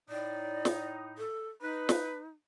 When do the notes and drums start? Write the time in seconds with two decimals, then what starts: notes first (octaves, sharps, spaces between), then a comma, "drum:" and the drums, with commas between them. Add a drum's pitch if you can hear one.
0.09 A2 D#4 D5
0.65 drum: snare
1.18 A4
1.62 D#4 B4
1.89 drum: snare